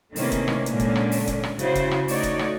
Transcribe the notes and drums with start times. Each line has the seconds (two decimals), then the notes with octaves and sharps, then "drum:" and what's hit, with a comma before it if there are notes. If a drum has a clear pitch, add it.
0.16 C3 D#3 E3 A3 A#3 C#4, drum: open hi-hat
0.32 drum: kick F1, hi-hat
0.48 drum: rim click
0.66 A#2 D3 G#3 A#3 C#4 D4, drum: hi-hat
0.80 drum: kick F1, hi-hat
0.96 drum: rim click
1.12 drum: open hi-hat
1.27 drum: kick F1, hi-hat
1.43 drum: rim click
1.59 C#3 E4 F#4 C5, drum: hi-hat
1.75 drum: kick F1, hi-hat
1.91 drum: rim click
2.08 A3 D#4 F#4 C#5 D5, drum: open hi-hat
2.23 drum: kick F1, hi-hat
2.39 drum: rim click